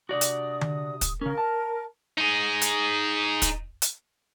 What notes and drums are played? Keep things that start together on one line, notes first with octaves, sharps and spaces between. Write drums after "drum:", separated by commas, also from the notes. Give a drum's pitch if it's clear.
C3 D4 F#4 D5 D#6
drum: hi-hat
drum: tom D3
drum: kick, hi-hat
C#3 C#4 A#4
A5
D#4 G#4
drum: hi-hat
drum: kick, hi-hat
drum: hi-hat